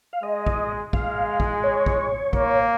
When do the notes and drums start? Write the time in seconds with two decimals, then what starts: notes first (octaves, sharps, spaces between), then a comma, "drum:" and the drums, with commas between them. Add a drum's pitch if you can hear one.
0.13 F5
0.23 G#3 D#5
0.46 drum: kick
0.93 G#3 F5, drum: kick
1.40 drum: kick
1.64 C#5
1.86 drum: kick
2.33 A#3, drum: kick